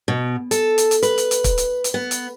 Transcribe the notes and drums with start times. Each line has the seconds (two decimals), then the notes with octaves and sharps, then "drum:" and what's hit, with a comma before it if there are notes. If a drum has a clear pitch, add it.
0.08 B2
0.51 A4, drum: hi-hat
0.78 drum: hi-hat
0.91 drum: hi-hat
1.03 B4, drum: hi-hat
1.18 drum: hi-hat
1.31 drum: hi-hat
1.44 drum: kick, hi-hat
1.58 drum: hi-hat
1.84 drum: hi-hat
1.94 B3
2.11 drum: hi-hat